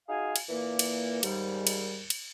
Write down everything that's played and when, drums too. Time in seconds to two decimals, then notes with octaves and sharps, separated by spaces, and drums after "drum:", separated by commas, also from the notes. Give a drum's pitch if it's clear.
0.09 D#4 F4 F#4 G#4 F5 G#5
0.36 drum: cymbal
0.49 A#2 E3 A#3
0.79 drum: cymbal
1.23 D#2 G#2 G3, drum: cymbal
1.67 drum: cymbal
2.10 drum: cymbal